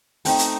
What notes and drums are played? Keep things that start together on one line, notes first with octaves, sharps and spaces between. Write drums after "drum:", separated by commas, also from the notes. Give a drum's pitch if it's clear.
A3 C4 D#4 G5, drum: open hi-hat
drum: hi-hat